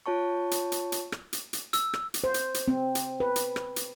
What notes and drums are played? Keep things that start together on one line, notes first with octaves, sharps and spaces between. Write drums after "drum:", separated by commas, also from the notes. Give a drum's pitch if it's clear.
F4 C#5 A5 C#6
drum: hi-hat
drum: hi-hat
drum: hi-hat
drum: rim click
drum: hi-hat
drum: hi-hat
E6, drum: hi-hat
drum: rim click
drum: hi-hat
C5
drum: hi-hat
drum: hi-hat
C4
drum: hi-hat
B4
drum: hi-hat
drum: rim click
drum: hi-hat